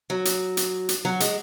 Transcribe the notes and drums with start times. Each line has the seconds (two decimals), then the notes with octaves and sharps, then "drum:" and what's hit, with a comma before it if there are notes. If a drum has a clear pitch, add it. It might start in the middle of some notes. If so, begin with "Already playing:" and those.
0.10 F#3
0.25 drum: hi-hat
0.57 drum: hi-hat
0.89 drum: hi-hat
1.05 F#3
1.20 G#3, drum: hi-hat